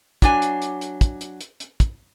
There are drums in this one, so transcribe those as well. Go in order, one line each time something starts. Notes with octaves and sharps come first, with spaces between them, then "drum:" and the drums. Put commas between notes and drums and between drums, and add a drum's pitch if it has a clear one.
F#3 D4 G#5, drum: kick, hi-hat
drum: hi-hat
drum: hi-hat
drum: hi-hat
drum: kick, hi-hat
drum: hi-hat
drum: hi-hat
drum: hi-hat
drum: kick, hi-hat